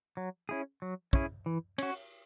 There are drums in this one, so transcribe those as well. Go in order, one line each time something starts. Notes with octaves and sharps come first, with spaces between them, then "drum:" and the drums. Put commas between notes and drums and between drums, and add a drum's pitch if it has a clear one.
F#3
C#4 E4 G#4
F#3
C#4 E4 G#4, drum: kick
E3
C#4 F#4, drum: cymbal